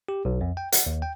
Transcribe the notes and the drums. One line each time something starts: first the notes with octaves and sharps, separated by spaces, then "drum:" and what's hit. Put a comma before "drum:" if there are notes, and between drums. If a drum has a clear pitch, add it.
G4
B1
F2
G5
F#5, drum: hi-hat
D#2
G5